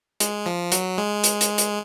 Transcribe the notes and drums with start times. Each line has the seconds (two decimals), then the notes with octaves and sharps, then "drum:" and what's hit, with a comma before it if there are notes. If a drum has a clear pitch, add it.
0.20 G#3, drum: hi-hat
0.46 F3
0.72 F#3, drum: hi-hat
0.98 G#3
1.24 drum: hi-hat
1.41 drum: hi-hat
1.58 drum: hi-hat